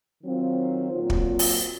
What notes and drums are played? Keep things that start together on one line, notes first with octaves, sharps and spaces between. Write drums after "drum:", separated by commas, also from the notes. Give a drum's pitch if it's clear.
D#3 F#3 C4 F4
A#2 F#3 C4 F4
drum: kick
drum: open hi-hat